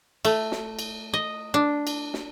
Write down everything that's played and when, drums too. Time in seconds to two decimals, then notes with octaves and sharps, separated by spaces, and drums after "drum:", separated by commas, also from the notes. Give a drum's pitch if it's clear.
0.25 A3, drum: cymbal
0.52 drum: snare
0.79 drum: cymbal
1.14 D#5
1.54 D4
1.87 drum: cymbal
2.14 drum: snare